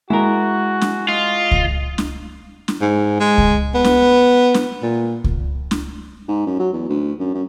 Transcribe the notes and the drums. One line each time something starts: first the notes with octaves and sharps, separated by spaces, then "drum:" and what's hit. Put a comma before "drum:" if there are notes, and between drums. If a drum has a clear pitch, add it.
G#3 E4 F#4 A#4
drum: snare
F4 D#5
drum: kick C#2
drum: snare
drum: snare
G#2
G#3
drum: kick C#2
B3
drum: snare
drum: snare
A#2
drum: kick C#2
drum: snare
G#2
F#2
F#3
E2
D2
F#2
F#2